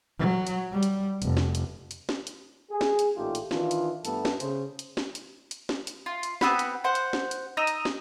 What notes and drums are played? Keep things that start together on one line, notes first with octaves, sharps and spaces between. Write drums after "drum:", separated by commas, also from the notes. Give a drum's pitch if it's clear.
F#3
drum: hi-hat
G3
drum: hi-hat
F1, drum: hi-hat
drum: snare
drum: hi-hat
drum: hi-hat
drum: snare
drum: hi-hat
G#4
drum: snare
drum: hi-hat
A1 A#2 A3 D#4 F4 G4
drum: hi-hat
D#3 E3 D4 F4, drum: snare
drum: hi-hat
G2 A3 B3 A4, drum: hi-hat
drum: snare
C#3 C5, drum: hi-hat
drum: hi-hat
drum: snare
drum: hi-hat
drum: hi-hat
drum: snare
drum: hi-hat
F4
drum: hi-hat
B3 C4 F#5 B5, drum: snare
drum: hi-hat
C5 F#5
drum: hi-hat
drum: snare
drum: hi-hat
D#4 D#5 A#5 E6
drum: hi-hat
drum: snare